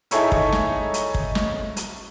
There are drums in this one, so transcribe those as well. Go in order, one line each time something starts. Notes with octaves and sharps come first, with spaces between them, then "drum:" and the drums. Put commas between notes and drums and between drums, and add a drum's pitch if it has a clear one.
D#4 E4 G#4 A4 C#5 E5, drum: hi-hat
drum: kick
drum: snare
drum: hi-hat
drum: kick
drum: snare
drum: hi-hat